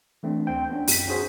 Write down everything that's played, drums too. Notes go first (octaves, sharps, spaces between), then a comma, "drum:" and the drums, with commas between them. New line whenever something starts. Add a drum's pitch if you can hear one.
E3 A3 C4 D4
D2 C4 G5
B3 C#4 D4
F#2 B6, drum: open hi-hat
C#4 D#4 F#4 G#4 C5